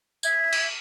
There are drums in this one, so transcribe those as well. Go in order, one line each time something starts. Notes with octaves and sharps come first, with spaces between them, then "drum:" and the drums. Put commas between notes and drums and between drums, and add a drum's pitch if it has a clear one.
E5 G#6, drum: tambourine
drum: cymbal